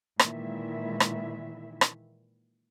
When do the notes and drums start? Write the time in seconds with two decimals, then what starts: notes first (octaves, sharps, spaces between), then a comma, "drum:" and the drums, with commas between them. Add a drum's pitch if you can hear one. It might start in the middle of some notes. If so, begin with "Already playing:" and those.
0.19 A#2 D#3 E3 G#3 E4 E5, drum: rim click
1.00 drum: rim click
1.81 drum: rim click